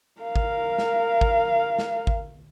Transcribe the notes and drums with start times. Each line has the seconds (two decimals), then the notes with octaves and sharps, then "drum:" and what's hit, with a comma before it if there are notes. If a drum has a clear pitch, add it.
0.21 A#4 F5
0.36 drum: kick G#1
0.78 drum: snare
1.21 drum: kick G#1
1.79 drum: snare
2.07 drum: kick G#1